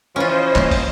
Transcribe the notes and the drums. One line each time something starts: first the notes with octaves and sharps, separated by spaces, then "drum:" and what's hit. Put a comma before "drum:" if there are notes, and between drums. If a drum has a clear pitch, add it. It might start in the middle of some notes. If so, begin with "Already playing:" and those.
E3 F3 C#4 F4 C5 C#5 D#5
A#3, drum: clap
drum: kick, open hi-hat